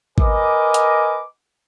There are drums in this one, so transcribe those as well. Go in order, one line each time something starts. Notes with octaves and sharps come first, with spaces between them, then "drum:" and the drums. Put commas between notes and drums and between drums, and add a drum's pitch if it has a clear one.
A#4 B4 D#5 G#5 D6, drum: kick
drum: hi-hat